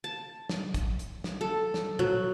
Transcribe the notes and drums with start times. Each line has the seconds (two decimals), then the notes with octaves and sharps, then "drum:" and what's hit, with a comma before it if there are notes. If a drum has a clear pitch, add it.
0.04 A5
0.49 drum: snare
0.74 drum: kick, hi-hat
0.99 drum: hi-hat
1.24 drum: snare
1.41 A4
1.74 drum: snare
1.99 F#3, drum: tom A#2